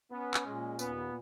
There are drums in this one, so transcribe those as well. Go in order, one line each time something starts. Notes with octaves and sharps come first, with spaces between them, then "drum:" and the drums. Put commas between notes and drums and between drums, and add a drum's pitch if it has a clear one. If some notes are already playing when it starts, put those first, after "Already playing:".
B3 C#4
drum: clap
A#2 G#3
D#2 B3, drum: tambourine